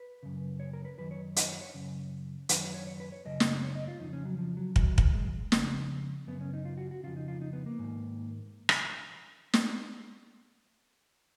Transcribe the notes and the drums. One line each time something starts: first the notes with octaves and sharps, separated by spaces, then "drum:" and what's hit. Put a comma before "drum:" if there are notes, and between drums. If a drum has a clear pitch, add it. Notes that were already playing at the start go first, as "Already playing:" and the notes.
Already playing: B4
F#2 C#3
C#5
A#4
B4
F#2 D#3 B4
C#5
D#5, drum: hi-hat
C#5
C#5
F#2 C#3
F#2 D#3 B4, drum: hi-hat
C#5
C#5
C#5
B4
C#5
F#2 C#3 D#5
drum: snare
C#5
D#5
F4
F2 C#3 D#4
C#4
F#3
F3
F#3
F#2 D#3 F#3, drum: kick
drum: kick
G#3
F2 C#3, drum: snare
F#2 C#3 B3
C#4
D#4
F4
F#4
F#4
F2 C#3 F4
D#4
F4
D#4
B3
A#3
G#2 D#3
drum: rim click
drum: snare